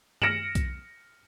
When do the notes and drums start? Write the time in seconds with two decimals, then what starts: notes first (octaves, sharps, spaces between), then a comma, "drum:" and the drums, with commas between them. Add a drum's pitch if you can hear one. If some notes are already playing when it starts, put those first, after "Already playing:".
0.22 F6 A#6 C#7 D7 E7 F#7, drum: tom
0.55 drum: kick B1, hi-hat